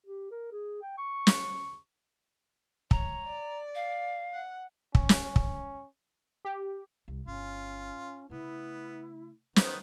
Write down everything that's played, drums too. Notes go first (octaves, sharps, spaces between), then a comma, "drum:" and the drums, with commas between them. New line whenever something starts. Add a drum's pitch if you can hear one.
G4
A#4
G#4
G5
C#6
drum: snare
C#5 A#5, drum: kick
D5
F5
F#5
C#4, drum: kick
drum: snare
drum: kick
G4
C2
G1 C#4 F4
C#3 A3 B3 E4
D#3 F#3 B3 D#4 C5, drum: snare